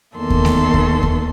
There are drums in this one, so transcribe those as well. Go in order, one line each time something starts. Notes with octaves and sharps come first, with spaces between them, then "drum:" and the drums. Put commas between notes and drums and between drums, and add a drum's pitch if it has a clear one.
E2 D#3 A#3 A4 C6
drum: kick D#2
drum: snare A3
drum: kick D#2
drum: kick D#2